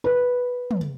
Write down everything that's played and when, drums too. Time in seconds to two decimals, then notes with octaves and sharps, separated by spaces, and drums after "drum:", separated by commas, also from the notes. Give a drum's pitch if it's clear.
0.04 B4
0.71 drum: tom